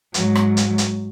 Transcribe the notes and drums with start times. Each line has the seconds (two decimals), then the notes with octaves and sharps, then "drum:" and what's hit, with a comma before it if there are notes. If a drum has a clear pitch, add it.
0.14 G#2 F#3, drum: hi-hat
0.35 drum: rim click
0.57 drum: hi-hat
0.78 drum: hi-hat